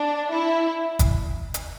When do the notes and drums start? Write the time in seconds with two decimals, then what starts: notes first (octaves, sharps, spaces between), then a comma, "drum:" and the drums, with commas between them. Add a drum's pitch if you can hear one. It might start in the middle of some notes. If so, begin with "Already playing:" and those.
Already playing: D4
0.31 E4
0.99 drum: kick, hi-hat
1.54 drum: hi-hat